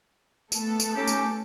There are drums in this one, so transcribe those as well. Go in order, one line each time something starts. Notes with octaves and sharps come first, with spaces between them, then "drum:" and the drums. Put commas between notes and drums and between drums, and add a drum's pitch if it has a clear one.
A3 B3 A4, drum: tambourine
drum: tambourine
C#4 D#4 G4
drum: tambourine